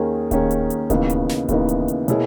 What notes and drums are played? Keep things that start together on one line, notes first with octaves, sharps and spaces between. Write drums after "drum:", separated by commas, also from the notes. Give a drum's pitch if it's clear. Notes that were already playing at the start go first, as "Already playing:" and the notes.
Already playing: D#2 D#3 A#3 C#4 G#4
D#2 D#3 A#3 C#4 G#4, drum: kick D1, hi-hat
drum: hi-hat
drum: hi-hat
D#2 C#3 E3 B3 D#4, drum: kick D1, hi-hat
drum: hi-hat
drum: snare
D#2 C#3 E3 B3 D#4, drum: kick D1, hi-hat
drum: hi-hat
drum: hi-hat
B2 A#3 E4 G#4 C#5, drum: hi-hat